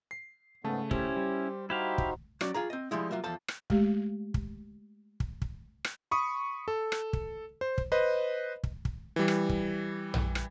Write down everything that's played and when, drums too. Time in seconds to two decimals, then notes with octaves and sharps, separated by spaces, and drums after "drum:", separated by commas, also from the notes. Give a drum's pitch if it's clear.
0.11 C7
0.64 G#2 C#3 A3 B3 A5
0.91 C#4 E4 G4 C5, drum: kick
1.16 G3
1.70 D#4 E4 F#4 G4 C5 F5
1.98 drum: kick
2.41 F#3 C#4 F#4 D5, drum: rim click
2.54 F4 G#4 A#5
2.70 C4 D#5
2.91 F3 G3 G#3 E4
3.11 F#3 A#3 F4 E5
3.24 E2 F3 A4 A5
3.48 drum: rim click
3.70 G#3 A3 G4, drum: kick
4.34 drum: kick
5.20 drum: kick
5.42 drum: kick
5.84 drum: rim click
6.11 B5 C#6 D#6
6.68 A4
6.92 drum: rim click
7.13 drum: kick
7.61 C5
7.78 drum: kick
7.92 B4 C5 D#5
8.64 drum: kick
8.85 drum: kick
9.16 E3 G3
9.28 drum: rim click
9.49 drum: kick
10.14 drum: tom A#1
10.35 drum: rim click